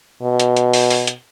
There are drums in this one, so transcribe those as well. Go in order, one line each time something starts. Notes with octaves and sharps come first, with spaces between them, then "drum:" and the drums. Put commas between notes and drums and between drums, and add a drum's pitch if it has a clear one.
B2
drum: hi-hat
drum: hi-hat
drum: open hi-hat
drum: open hi-hat
drum: hi-hat